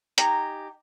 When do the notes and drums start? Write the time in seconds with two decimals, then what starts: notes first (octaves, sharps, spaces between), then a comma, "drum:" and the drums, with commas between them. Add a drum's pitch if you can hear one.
0.18 D#4 G4 G#5 A#5, drum: hi-hat